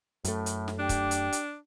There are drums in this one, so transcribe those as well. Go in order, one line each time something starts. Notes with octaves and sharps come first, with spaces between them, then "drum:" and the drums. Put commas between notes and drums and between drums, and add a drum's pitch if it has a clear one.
F#2 A2 A3, drum: hi-hat
drum: hi-hat
drum: snare
D4 G4
drum: kick, hi-hat
drum: hi-hat
drum: hi-hat